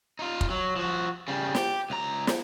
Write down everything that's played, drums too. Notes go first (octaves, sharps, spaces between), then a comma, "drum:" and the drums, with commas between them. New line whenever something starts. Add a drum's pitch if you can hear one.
D#4 F4
drum: kick
F#3
F3 F#4
C#3 G3
G4, drum: snare
C#2 A#5
drum: snare